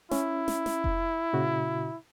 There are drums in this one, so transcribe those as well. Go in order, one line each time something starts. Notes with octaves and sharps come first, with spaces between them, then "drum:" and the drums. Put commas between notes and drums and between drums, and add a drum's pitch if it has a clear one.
C#4 E4, drum: snare
drum: snare
drum: snare
drum: kick F1
A#2 C#3 F#4